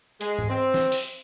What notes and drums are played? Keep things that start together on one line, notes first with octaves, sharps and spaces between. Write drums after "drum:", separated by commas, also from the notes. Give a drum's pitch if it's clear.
G#3, drum: hi-hat
drum: tom G#2
C4
drum: snare
drum: open hi-hat